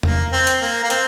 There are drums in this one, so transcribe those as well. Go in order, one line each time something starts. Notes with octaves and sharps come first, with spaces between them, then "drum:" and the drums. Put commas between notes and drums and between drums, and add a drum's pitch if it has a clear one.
A#3, drum: tom E2
C4
drum: hi-hat
A#3
A#3
C4, drum: hi-hat